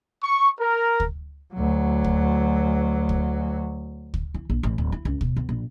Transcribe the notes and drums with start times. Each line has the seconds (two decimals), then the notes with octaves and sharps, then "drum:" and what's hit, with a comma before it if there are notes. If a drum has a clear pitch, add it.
0.23 C#6
0.59 A#4
1.00 drum: kick
1.54 D2 F#3
2.04 drum: kick
3.09 drum: kick
4.14 drum: kick
4.34 E3
4.50 A#1
4.63 A1
4.78 D1
4.92 E4
5.05 C#2
5.21 B2, drum: kick
5.36 E2
5.49 A#1